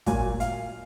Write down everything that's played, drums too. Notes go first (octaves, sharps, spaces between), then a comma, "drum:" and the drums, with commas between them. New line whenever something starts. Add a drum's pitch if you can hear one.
A#2 F#3 A#3 G#5, drum: kick, hi-hat
F5, drum: hi-hat